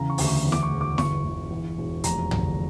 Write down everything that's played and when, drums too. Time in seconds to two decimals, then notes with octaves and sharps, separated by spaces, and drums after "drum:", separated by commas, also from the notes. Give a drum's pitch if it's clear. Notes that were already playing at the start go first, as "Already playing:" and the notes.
Already playing: E2 C#3 A#5
0.10 C#6
0.18 D2, drum: open hi-hat
0.27 C#6
0.45 E2
0.52 D6, drum: snare E4
0.63 C#6
0.72 E1
0.81 D6
0.98 G1 C#6, drum: snare E4
1.25 G1
1.51 E2
1.78 E1
2.04 F1 A#5, drum: hi-hat
2.31 D3, drum: tom